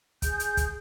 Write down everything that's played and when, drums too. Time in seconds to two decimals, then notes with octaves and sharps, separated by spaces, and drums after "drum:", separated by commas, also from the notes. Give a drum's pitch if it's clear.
0.22 G#4 G6, drum: kick, hi-hat
0.40 drum: hi-hat
0.57 drum: kick, hi-hat